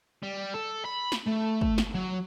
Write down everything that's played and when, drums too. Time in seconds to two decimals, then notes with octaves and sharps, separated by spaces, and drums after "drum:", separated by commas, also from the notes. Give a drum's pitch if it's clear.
0.23 G3
0.54 A4
0.85 B5
1.12 drum: snare
1.27 A3
1.61 drum: kick
1.78 drum: snare
1.94 F#3